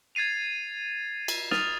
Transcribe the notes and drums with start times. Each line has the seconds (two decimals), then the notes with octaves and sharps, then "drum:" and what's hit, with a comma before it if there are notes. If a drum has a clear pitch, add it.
0.15 G#6 A6 C7 D#7 F7
1.28 drum: cymbal
1.51 D#6 F6 A6 D#7 F7, drum: snare